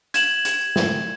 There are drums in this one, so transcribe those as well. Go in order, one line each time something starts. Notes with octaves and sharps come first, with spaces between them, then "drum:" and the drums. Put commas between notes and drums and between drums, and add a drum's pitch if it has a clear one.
G#6 E7 F#7, drum: hi-hat
drum: hi-hat
drum: snare